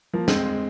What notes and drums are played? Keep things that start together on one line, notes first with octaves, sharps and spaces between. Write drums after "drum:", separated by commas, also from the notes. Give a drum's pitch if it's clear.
F3 A#3
G#3 C4, drum: snare